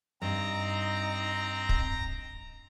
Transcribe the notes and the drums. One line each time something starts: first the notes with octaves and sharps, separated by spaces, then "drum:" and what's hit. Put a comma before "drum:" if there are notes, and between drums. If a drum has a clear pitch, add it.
G2 C4 D#4 A#5
drum: kick